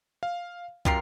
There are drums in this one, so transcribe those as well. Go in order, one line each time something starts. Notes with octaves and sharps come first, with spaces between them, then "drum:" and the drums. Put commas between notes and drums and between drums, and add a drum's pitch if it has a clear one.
F5
F#2 F4 G4 A#4 C7, drum: kick